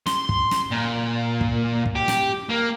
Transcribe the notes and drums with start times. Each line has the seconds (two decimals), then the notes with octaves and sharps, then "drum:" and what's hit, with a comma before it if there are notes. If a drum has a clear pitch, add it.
0.07 C6, drum: snare
0.29 drum: kick
0.51 drum: snare
0.71 A#2
1.41 drum: kick
1.86 drum: kick
1.95 G4
2.08 drum: snare
2.49 A#3